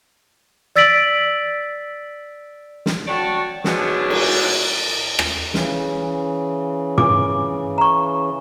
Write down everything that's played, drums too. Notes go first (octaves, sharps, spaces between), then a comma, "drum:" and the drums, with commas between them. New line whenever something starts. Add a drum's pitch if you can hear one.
D5 E6 A6 B6 D7 F#7
drum: snare
F#4 C#5 D5 G5 A5
G#2 B2 F#3 G#3 D4, drum: snare
drum: cymbal
drum: rim click
C#3 E3, drum: snare
G#5 D6, drum: tom
A#5 C#6